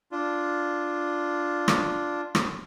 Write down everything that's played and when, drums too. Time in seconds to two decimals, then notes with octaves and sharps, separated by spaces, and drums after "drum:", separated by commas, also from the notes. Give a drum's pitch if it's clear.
0.12 D4 F4
1.68 drum: rim click
2.35 drum: rim click